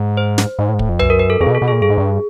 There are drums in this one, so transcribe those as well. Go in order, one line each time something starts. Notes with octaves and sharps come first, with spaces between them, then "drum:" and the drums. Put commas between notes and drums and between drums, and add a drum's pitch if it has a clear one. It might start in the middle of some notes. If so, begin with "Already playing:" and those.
Already playing: G#2
C5
drum: snare
G#2
A2
G#2
A2, drum: kick
F2
F#2 B4, drum: tom C2
A#4
B4
A4
F2 G#4
A#2
B2
A4
B2
A#2 G#4
G2 G#4
G#2
G2